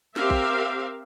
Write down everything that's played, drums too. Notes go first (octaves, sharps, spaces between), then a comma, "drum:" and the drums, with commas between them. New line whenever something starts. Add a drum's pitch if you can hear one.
C4 G4 A#4 E5 F5, drum: snare
drum: kick